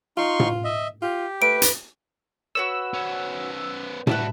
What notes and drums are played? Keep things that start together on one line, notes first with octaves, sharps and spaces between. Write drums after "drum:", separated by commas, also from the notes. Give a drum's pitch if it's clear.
D#4 F4 C6 C#6
drum: tom A2
D#5 E5
F4 G4
A3 B4 D7
drum: hi-hat
F#4 B4 C#5 E6
B3 C#4
G3 F#4 B4 E5 A5, drum: tom A2